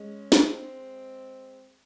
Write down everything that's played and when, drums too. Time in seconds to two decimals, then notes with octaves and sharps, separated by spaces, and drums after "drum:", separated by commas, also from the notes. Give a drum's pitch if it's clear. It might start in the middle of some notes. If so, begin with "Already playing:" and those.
Already playing: G#3 C#4
0.32 C4, drum: snare